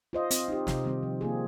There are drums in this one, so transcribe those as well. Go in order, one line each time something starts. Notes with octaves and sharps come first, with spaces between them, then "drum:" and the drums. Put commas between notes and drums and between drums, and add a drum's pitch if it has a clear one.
F4 C5 D#5
C4, drum: hi-hat
D#4 G4
C3, drum: snare
D#3 G3 C4
F3
A#3 F4 G#4